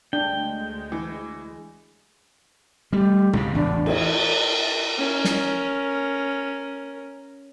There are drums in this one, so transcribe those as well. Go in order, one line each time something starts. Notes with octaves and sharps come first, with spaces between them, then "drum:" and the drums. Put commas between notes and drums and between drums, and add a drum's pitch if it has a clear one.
D2 G#3 D4 G5
E3
G3 A3 G4
C#2 G#2 C3, drum: tom
A1 E2 A2 D4
C#5, drum: cymbal
C#4 A#4
drum: snare